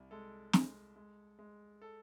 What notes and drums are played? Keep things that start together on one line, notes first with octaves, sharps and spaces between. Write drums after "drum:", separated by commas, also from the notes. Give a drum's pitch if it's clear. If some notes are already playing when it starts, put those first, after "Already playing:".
Already playing: C2
G#3 A4
G#3, drum: snare
G#3
G#3
A4